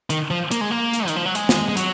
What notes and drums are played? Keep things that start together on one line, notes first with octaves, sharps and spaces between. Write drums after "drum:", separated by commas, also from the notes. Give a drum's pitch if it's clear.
D#3, drum: hi-hat
F3
A#3, drum: hi-hat
G#3
A#3
drum: hi-hat
D#3, drum: hi-hat
F3
F#3
G#3, drum: hi-hat
drum: snare
G#3
F#3, drum: hi-hat